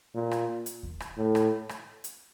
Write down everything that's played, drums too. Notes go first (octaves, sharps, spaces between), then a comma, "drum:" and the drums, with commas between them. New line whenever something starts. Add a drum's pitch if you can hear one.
A#2
drum: rim click
drum: hi-hat
drum: kick D#2
drum: rim click
A2
drum: rim click
drum: rim click
drum: hi-hat